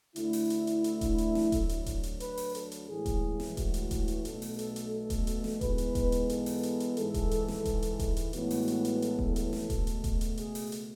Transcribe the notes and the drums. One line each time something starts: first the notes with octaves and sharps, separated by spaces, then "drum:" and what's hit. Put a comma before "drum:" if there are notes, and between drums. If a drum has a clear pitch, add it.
D2 D3 A3 E4, drum: hi-hat
drum: open hi-hat
drum: hi-hat
drum: hi-hat
drum: hi-hat
drum: kick D#1, hi-hat
drum: hi-hat
drum: snare
D2 D3 F#3, drum: kick D#1, hi-hat
drum: hi-hat
drum: kick D#1, hi-hat
drum: hi-hat
B4, drum: hi-hat
drum: open hi-hat
A4, drum: hi-hat
drum: hi-hat
A1 A2 E3 G#3 G#4
drum: kick D#1, hi-hat
drum: snare
F#4, drum: kick D#1, hi-hat
drum: hi-hat
drum: kick D#1, hi-hat
drum: hi-hat
B1 B2 A3 A4, drum: hi-hat
drum: open hi-hat
A4, drum: hi-hat
drum: hi-hat
A4
drum: kick D#1, hi-hat
drum: hi-hat
drum: snare
G#2 E3 G#3 B3 B4, drum: kick D#1, hi-hat
drum: hi-hat
drum: kick D#1, hi-hat
drum: hi-hat
A4, drum: hi-hat
drum: open hi-hat
drum: hi-hat
drum: hi-hat
G#2 E3 G#3 A4, drum: hi-hat
drum: kick D#1, hi-hat
drum: hi-hat
drum: snare
drum: kick D#1, hi-hat
drum: hi-hat
drum: kick D#1, hi-hat
drum: hi-hat
A1 A2 E3 G#3 B3 F#4, drum: hi-hat
drum: open hi-hat
drum: hi-hat
drum: hi-hat
A4, drum: hi-hat
drum: kick D#1
A4, drum: hi-hat
drum: snare
C#2 B2 A3, drum: kick D#1, hi-hat
drum: hi-hat
drum: kick D#1, hi-hat
drum: hi-hat
G#4, drum: hi-hat
drum: open hi-hat
drum: hi-hat